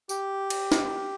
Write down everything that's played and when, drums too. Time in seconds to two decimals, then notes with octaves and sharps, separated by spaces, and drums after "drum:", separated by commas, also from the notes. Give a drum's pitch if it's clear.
0.09 G4, drum: tambourine
0.50 drum: cymbal
0.72 drum: snare